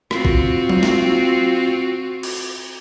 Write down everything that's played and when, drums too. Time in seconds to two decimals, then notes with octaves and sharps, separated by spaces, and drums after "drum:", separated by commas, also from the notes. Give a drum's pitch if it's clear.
0.11 C4 F4 F#4, drum: rim click
0.25 drum: kick A1
0.70 drum: tom F#3
0.83 drum: snare
2.23 drum: cymbal